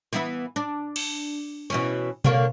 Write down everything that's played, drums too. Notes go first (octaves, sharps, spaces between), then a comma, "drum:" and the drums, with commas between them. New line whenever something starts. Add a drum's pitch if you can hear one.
E3 B3 E4
D4
drum: cymbal
B2 E3 C#4
D3 A#3 C#5, drum: tom B2